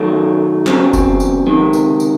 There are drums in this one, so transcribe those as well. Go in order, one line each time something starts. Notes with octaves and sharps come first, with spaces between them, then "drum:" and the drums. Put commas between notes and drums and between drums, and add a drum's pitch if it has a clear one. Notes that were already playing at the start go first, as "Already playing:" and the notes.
Already playing: F#2 D#3 F#3 A3
E2 C#3 F#3 C4, drum: snare
drum: kick F#1, tambourine
drum: tambourine
C#2 C3 D#3, drum: tom F3
drum: tambourine
drum: tambourine